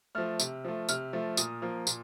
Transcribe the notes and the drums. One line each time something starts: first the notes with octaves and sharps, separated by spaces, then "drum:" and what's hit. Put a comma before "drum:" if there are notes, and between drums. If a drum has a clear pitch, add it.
F3 A3 F6
C3, drum: tambourine
F3 A3
C3 F6, drum: tambourine
F3 A3
A#2 D#6, drum: tambourine
F3 A#3
A#2, drum: tambourine